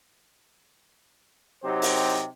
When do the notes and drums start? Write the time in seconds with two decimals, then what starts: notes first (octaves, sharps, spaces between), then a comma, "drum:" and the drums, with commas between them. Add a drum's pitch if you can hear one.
1.63 C3 F#3 C4 D#4 G4 C5
1.82 drum: open hi-hat